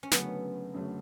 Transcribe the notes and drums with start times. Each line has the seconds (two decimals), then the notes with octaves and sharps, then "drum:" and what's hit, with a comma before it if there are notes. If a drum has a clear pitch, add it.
0.03 C#4
0.12 F#1 F#2 D3 F#3 A3 B3, drum: snare
0.74 F#1 F#2 D3 F#3 A3